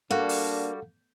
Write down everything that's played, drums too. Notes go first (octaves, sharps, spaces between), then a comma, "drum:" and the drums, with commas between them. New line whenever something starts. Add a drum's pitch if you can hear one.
G3 A#3 D4 F#4 A4 F5 F#5
drum: open hi-hat